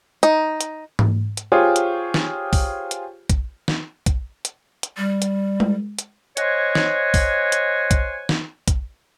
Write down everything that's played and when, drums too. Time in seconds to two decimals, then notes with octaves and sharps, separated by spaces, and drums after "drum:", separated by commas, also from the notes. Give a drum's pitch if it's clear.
0.23 D#4, drum: hi-hat
0.61 drum: hi-hat
0.99 drum: tom G#2
1.37 drum: hi-hat
1.52 F4 G4 G#4 C5 C#5 G#5
1.76 drum: hi-hat
2.14 drum: snare
2.53 drum: kick, open hi-hat
2.91 drum: hi-hat
3.30 drum: kick, hi-hat
3.68 drum: snare
4.06 drum: kick, hi-hat
4.45 drum: hi-hat
4.83 drum: hi-hat
4.97 G3
5.22 drum: hi-hat
5.60 drum: tom G#3
5.99 drum: hi-hat
6.37 C5 C#5 D#5 F#5 G#5, drum: hi-hat
6.75 drum: snare
7.14 drum: kick, open hi-hat
7.52 drum: hi-hat
7.91 drum: kick, hi-hat
8.29 drum: snare
8.68 drum: kick, hi-hat